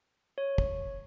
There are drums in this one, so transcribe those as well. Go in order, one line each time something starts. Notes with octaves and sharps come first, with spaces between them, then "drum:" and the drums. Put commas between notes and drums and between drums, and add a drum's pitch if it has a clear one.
C#5
drum: kick